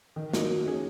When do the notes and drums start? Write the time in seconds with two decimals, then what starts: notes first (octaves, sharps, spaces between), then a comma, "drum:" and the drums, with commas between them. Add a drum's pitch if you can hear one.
0.16 D#3
0.33 F#3 A#3 D#4, drum: snare
0.50 F#3
0.66 C#4 G#4